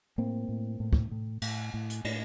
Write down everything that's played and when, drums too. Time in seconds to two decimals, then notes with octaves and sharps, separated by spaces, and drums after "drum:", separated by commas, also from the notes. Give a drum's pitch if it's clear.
0.18 A2 A#3 C4
0.49 A2
0.80 A2
0.93 drum: kick
1.11 A2
1.42 A2, drum: cymbal
1.74 A2
1.90 drum: hi-hat
2.04 A2, drum: cymbal